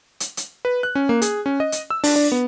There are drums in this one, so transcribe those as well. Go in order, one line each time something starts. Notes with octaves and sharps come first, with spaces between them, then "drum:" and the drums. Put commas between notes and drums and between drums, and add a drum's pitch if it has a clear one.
drum: hi-hat
drum: hi-hat
B4
F#6
C#4
A#3
G#4, drum: hi-hat
C#4
D#5
drum: hi-hat
E6
D4, drum: open hi-hat
D4
B3